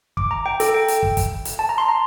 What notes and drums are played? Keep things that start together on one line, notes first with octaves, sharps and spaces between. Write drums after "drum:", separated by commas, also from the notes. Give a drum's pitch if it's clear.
D6, drum: kick
A#5
G5
A4, drum: hi-hat
G5
drum: hi-hat
drum: kick
drum: kick, hi-hat
drum: hi-hat
A5
A#5
C6
A#5